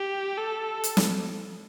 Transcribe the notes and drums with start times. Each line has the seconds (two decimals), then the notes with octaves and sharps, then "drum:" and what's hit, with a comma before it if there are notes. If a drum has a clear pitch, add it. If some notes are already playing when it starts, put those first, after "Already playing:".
Already playing: G4
0.38 A4
0.84 drum: hi-hat
0.97 drum: snare